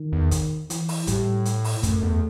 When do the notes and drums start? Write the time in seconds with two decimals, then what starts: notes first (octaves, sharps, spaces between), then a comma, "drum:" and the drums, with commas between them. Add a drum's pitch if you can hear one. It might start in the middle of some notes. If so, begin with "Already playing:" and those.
Already playing: D#3
0.13 E2
0.31 drum: kick, hi-hat
0.70 E3, drum: hi-hat
0.88 drum: open hi-hat
1.07 A2 G3, drum: kick, hi-hat
1.45 drum: hi-hat
1.64 drum: open hi-hat
1.83 F#2 A3, drum: kick, hi-hat
2.03 E2